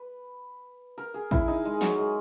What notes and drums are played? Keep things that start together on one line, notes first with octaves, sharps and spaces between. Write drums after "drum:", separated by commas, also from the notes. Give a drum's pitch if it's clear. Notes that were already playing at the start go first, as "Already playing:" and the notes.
Already playing: B4
A#4
G#4
E4, drum: kick
D#4
G#3
F#3, drum: snare
G#3